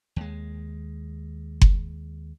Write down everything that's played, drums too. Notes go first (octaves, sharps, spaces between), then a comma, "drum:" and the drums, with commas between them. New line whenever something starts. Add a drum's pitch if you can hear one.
D#2 G#3
drum: kick F#1